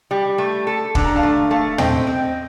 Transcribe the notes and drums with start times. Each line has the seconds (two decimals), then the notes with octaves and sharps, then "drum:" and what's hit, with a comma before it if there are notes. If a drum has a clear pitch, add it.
0.11 G3
0.38 A3
0.67 A4
0.95 D3 A5, drum: kick
1.05 A#5
1.16 F5 A5
1.23 A3
1.51 A3 F5 A5
1.78 C4 D#5 G5, drum: tom
2.07 C4